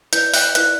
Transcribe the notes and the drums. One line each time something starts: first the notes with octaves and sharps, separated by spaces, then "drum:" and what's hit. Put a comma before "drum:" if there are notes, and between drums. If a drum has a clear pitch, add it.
E4 B4 D5 G6, drum: hi-hat
F#6, drum: open hi-hat
E4 B4 D5 F#6, drum: hi-hat